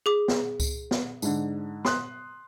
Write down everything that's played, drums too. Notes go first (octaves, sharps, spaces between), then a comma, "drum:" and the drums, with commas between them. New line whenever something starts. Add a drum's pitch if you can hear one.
G#4 D6
drum: snare
drum: kick C#2, tambourine
drum: snare
G#2 D3, drum: tambourine
C6 D#6 F#6, drum: snare